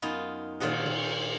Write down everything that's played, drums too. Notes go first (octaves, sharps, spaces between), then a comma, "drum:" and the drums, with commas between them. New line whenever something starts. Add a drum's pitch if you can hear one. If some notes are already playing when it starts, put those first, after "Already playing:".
F#2 B3 D#4 F4
A#2 D#3 F4 D#5 F#5, drum: cymbal
drum: tom